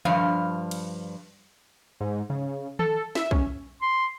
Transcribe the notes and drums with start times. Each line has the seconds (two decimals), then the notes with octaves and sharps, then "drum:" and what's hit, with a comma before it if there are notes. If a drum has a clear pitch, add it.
0.05 G2 F3 F5, drum: tom D#3
0.71 drum: cymbal
2.00 G#2
2.30 C#3
2.79 A4, drum: tom D#3
3.15 E5, drum: snare
3.31 C#4, drum: kick B1
3.82 C6